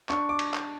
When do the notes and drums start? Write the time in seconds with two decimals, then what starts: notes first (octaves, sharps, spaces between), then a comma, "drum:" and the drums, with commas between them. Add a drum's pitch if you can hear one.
0.09 D4 C#6, drum: clap
0.29 D6
0.39 drum: cymbal
0.54 drum: clap